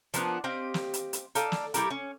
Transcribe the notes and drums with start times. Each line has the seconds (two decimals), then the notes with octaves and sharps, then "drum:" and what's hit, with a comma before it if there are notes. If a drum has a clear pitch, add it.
0.14 F3 A#3 B3 D4, drum: hi-hat
0.44 C4 G4 D#5 F5
0.74 drum: snare
0.94 drum: hi-hat
1.13 drum: hi-hat
1.35 D#4 A4 D5 F5, drum: hi-hat
1.52 drum: snare
1.74 G3 E4 G4 A#4, drum: hi-hat
1.90 C#4